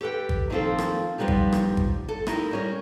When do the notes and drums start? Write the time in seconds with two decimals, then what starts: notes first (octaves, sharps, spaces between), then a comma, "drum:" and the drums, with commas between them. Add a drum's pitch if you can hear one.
0.01 G4 A4 B4 G5
0.29 drum: kick G#1
0.50 D#3 F3 A#3 C4 F4 A4
0.78 drum: rim click
1.18 F3 G3 B3 D#4 G4
1.28 drum: kick G#1
1.53 drum: rim click
1.77 drum: kick G#1
2.09 A4
2.27 D#4 E4 G4 A#4, drum: rim click
2.51 G3 C#4 A#4